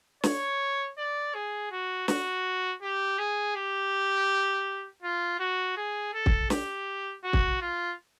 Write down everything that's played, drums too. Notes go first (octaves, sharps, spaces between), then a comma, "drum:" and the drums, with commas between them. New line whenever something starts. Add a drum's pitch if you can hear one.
C#5, drum: snare
D5
G#4
F#4
F#4, drum: snare
G4
G#4
G4
F4
F#4
G#4
A4
drum: kick
G4, drum: snare
F#4
drum: kick
F4